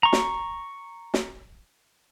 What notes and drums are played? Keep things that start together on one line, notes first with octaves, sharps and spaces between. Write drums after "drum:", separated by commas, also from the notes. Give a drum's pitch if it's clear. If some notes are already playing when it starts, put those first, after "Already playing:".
A#5 C#6
drum: snare
drum: snare